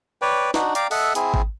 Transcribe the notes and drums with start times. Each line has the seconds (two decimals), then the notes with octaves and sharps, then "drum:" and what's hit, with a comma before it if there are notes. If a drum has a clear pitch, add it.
0.22 B4 C#5 D5 G5
0.54 D4 D#4 F#4, drum: snare
0.75 D5 F5 G5 A#5, drum: hi-hat
0.91 A4 D#5 E5 F#5, drum: open hi-hat
1.15 C4 E4 G#4, drum: hi-hat
1.34 drum: kick G#1